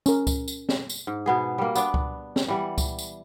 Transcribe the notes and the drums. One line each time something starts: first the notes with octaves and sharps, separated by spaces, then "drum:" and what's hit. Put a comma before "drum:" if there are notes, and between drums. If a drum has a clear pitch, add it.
C#4 A#4, drum: tambourine
drum: kick C#2, tambourine
drum: tambourine
drum: snare
drum: tambourine
G#2
B2 B3 G#4
G3 A#3
B3 D4 D5, drum: tambourine
drum: kick C#2
drum: snare
E3 G3 F#5
drum: kick C#2, tambourine
drum: tambourine